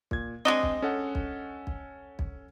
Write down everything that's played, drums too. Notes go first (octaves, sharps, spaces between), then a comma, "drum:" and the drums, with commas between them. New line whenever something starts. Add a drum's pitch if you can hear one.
A#2 G#6, drum: kick B1
G#3 C4 D4 D#5
drum: kick B1
C#4 A4 F#5
drum: kick B1
drum: kick B1
drum: kick B1